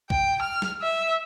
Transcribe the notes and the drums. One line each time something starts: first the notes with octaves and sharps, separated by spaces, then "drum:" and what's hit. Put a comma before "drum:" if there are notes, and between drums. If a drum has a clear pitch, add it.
G5, drum: kick
F6
drum: snare
E5